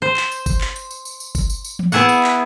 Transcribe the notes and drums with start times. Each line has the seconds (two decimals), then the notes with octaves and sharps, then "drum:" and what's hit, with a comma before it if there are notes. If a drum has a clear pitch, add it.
0.02 C5
0.17 drum: clap
0.31 drum: tambourine
0.46 drum: kick G1, tambourine
0.61 drum: clap
0.76 drum: tambourine
0.91 drum: tambourine
1.05 drum: tambourine
1.20 drum: tambourine
1.35 drum: kick G1, tambourine
1.50 drum: tambourine
1.64 drum: tambourine
1.79 drum: tom E3
1.92 B3 E4 G#4 E5 F#5, drum: tambourine
2.09 drum: tambourine
2.24 drum: clap